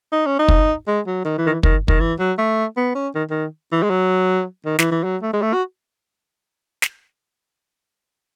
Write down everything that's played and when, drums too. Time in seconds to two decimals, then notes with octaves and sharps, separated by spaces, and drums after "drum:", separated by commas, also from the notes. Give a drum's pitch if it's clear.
0.12 D#4
0.26 C#4
0.39 D#4
0.48 drum: kick
0.87 G#3
1.07 F#3
1.25 D#3
1.38 E3
1.46 D#3
1.50 E3
1.63 D#3, drum: kick
1.88 D#3, drum: kick
2.00 E3
2.19 F#3
2.38 A3
2.77 B3
2.95 C#4
3.15 D#3
3.30 D#3
3.72 E3
3.83 G#3
3.90 F#3
4.65 D#3
4.79 E3, drum: snare
4.92 E3
5.04 F#3
5.22 A3
5.33 G#3
5.42 A3
5.54 F#4
6.82 drum: snare